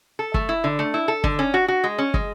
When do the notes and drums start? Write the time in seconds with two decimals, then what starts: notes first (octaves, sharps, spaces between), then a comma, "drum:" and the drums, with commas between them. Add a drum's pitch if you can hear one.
0.19 A4
0.34 A3, drum: kick
0.49 E4
0.64 D3
0.79 A3
0.94 E4
1.08 A4
1.24 D3, drum: kick
1.39 C#4
1.54 F#4
1.68 F#4
1.84 G#3
1.98 C#4
2.14 G#3, drum: kick